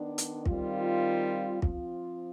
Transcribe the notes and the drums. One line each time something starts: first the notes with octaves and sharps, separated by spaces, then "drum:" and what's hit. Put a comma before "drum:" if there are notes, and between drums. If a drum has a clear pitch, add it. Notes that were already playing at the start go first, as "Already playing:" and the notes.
Already playing: D#3 B3 D4
drum: hi-hat
D#3 G3 C4 F4, drum: kick
F3 C4 F4, drum: kick